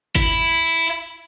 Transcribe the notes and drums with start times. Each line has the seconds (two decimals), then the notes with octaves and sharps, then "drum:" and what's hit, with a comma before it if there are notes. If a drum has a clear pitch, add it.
0.15 E4, drum: kick